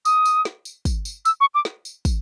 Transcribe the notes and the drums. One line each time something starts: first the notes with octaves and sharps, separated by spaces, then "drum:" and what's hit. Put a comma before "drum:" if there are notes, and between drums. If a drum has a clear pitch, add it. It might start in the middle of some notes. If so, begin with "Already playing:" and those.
D#6, drum: tambourine
drum: tambourine
drum: snare
drum: tambourine
drum: kick, tambourine
drum: tambourine
E6, drum: tambourine
C#6
D6
drum: snare
drum: tambourine
drum: kick, tambourine